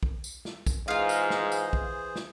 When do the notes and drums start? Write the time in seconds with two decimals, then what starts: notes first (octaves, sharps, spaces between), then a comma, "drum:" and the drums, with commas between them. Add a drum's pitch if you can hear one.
0.03 drum: kick
0.24 drum: tambourine
0.45 drum: snare
0.67 drum: kick, tambourine
0.88 G#2 E3 F4 G#4 C5 F5
1.09 drum: tambourine
1.30 drum: snare
1.52 drum: tambourine
1.73 drum: kick
2.16 drum: snare